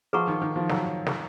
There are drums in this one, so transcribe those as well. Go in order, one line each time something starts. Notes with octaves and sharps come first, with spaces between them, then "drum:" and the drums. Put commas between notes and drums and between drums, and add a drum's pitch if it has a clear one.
F3 G#4 B4 F#5 A#5 C#6
D#3
D#3
F3
F#3, drum: snare
drum: snare